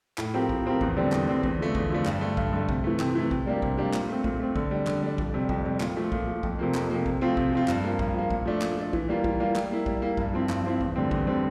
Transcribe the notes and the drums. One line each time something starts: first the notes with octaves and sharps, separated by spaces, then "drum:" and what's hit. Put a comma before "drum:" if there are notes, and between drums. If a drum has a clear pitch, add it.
A2, drum: clap
F3 C4 G4 A#4
A2, drum: kick
F3 C4 G4 A#4
E2, drum: kick
D3 G3 C4
E2, drum: clap
D3 G3 C4
E2, drum: kick
D3 F3 A3
E2, drum: kick
D3 F3 A3
G2, drum: clap
D3 A3
G2, drum: kick
D3 A3
C3, drum: kick
E3 A3
C3, drum: clap
E3 A3
C3, drum: kick
G3 A#3 D4 G4
C3, drum: kick
G3 A#3 D4 G4
A#2, drum: clap
A3 C4
A#2, drum: kick
A3 C4
D3, drum: kick
G3 D4
D3, drum: clap
G3 D4
F2, drum: kick
C3 G3
F2, drum: kick
C3 G3
A#2, drum: clap
F3 A3
A#2, drum: kick
F3 A3
F2, drum: kick
C3 F3 A#3
F2, drum: clap
C3 F3 A#3
C3, drum: kick
F3 A3 C4 F4
C3, drum: kick
F3 A3 C4 F4
G2, drum: clap
F3 A#3
G2, drum: kick
F3 A#3
A#2, drum: kick
F3 A3 D4
A#2, drum: clap
F3 A3 D4
E3, drum: kick
G3 A#3 F4
E3, drum: kick
G3 A#3 F4
G3, drum: clap
A#3 E4
G3, drum: kick
A#3 E4
G2, drum: kick
F3 C4 E4
G2, drum: clap
F3 C4 E4
E2, drum: kick
D3 G3 C4
E2, drum: kick
D3 G3 C4